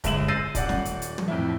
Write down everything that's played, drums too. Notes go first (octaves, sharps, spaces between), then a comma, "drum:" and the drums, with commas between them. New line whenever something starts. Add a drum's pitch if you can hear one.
G1 G#3 E5 E7 F#7, drum: kick, hi-hat
E6 G6 A6 A#6 C7 D#7
D#1 D5 F#5, drum: kick, hi-hat
drum: snare
drum: hi-hat
drum: hi-hat
drum: tom
F2 A2 E4